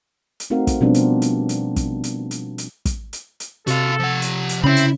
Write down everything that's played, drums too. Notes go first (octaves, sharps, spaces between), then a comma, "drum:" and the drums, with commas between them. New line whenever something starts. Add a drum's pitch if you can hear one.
drum: hi-hat
A3 C4 D#4 F#4 A#4 F5
drum: kick, hi-hat
B2 F3 G3 B3 C4 D4
drum: hi-hat
drum: hi-hat
drum: hi-hat
drum: kick, hi-hat
drum: hi-hat
drum: hi-hat
drum: hi-hat
drum: kick, hi-hat
drum: hi-hat
drum: hi-hat
C3 F#4 A4 F5, drum: hi-hat
F3 F#5
drum: hi-hat
drum: hi-hat
C#3 C4 C#4 E4 B5
drum: hi-hat